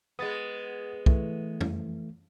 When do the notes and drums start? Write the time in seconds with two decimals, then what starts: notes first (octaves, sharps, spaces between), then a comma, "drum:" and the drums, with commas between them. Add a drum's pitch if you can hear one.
0.19 G#3 B3 D#6 A6
1.06 E3 A3, drum: kick
1.61 drum: tom F2